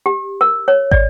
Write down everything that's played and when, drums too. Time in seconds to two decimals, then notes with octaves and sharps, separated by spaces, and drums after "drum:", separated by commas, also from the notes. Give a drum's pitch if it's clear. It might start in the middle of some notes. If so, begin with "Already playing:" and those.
0.06 G4
0.41 A#4
0.68 C#5
0.91 D5, drum: kick